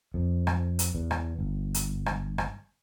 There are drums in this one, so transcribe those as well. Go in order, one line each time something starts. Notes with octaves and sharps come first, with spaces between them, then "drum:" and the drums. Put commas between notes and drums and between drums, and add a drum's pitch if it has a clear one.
F2
drum: rim click
drum: hi-hat
E2
drum: rim click
G1
drum: hi-hat
drum: rim click
drum: rim click